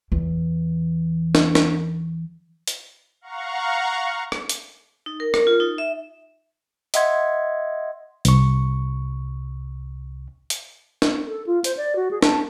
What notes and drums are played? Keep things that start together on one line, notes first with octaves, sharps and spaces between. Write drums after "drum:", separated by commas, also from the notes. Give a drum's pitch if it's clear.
E2 E3
drum: snare
drum: snare
drum: hi-hat
F5 F#5 A#5 C#6
drum: rim click
drum: hi-hat
D#4
A#4
A#4, drum: rim click
F4
D#4
E5
D#5 E5 F#5 C6 G#6, drum: hi-hat
C2 C#6, drum: hi-hat
drum: hi-hat
drum: snare
A4
F4
C5, drum: hi-hat
D5
F#4
G#4
A5, drum: snare